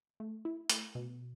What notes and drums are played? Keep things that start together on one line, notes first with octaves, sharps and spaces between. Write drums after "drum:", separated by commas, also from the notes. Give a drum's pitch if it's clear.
A3
E4
A3, drum: hi-hat
B2